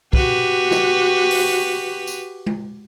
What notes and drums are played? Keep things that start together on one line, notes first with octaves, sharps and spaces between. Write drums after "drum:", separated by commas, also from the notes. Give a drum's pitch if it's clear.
F#4 G4 B4, drum: kick
drum: snare
drum: open hi-hat
drum: tambourine
drum: tom G#3